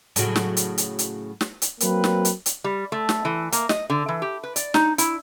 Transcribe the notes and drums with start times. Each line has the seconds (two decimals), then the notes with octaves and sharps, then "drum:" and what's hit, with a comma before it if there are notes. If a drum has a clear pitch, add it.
0.16 A2 C#3 F#3, drum: hi-hat
0.36 drum: snare
0.57 drum: hi-hat
0.78 drum: hi-hat
0.99 drum: hi-hat
1.41 drum: snare
1.62 drum: hi-hat
1.80 F#3 A#3 C4 B4, drum: hi-hat
2.04 drum: snare
2.25 drum: hi-hat
2.46 drum: hi-hat
2.64 G3
2.92 A3
3.09 drum: snare
3.25 E3
3.52 A#3, drum: hi-hat
3.69 D#5, drum: snare
3.90 D3
4.08 E3
4.22 G4
4.43 B4
4.56 D5, drum: hi-hat
4.74 D#4, drum: snare
4.98 E4, drum: hi-hat